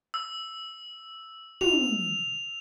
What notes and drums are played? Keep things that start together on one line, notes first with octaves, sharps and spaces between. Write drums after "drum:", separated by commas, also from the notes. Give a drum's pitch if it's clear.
E6
F7, drum: tom